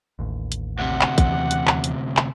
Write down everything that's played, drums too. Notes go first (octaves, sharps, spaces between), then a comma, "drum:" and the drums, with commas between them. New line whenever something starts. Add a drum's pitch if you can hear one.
A1 D#2
drum: hi-hat
D2 C3 F#5
drum: clap
D#2 E3, drum: kick, hi-hat
drum: hi-hat
drum: clap
drum: hi-hat
drum: clap